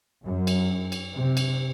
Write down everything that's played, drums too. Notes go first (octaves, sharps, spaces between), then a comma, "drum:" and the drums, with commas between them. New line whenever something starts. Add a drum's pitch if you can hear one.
F#2
drum: cymbal
drum: cymbal
C3
drum: cymbal